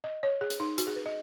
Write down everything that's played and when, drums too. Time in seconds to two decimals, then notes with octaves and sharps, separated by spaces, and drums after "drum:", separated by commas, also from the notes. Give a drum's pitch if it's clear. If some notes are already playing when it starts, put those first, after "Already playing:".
0.04 D#5
0.23 C#5
0.41 G#4
0.50 drum: hi-hat
0.60 D#4
0.78 F#4, drum: hi-hat
0.87 G#4
0.96 B4
1.06 D#5